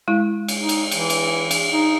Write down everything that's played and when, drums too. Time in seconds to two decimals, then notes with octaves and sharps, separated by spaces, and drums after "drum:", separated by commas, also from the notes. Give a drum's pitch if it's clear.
0.08 G#3 E4
0.48 drum: cymbal
0.59 D#4
0.69 drum: cymbal
0.91 E3, drum: cymbal
1.10 drum: cymbal
1.51 drum: cymbal
1.73 D#4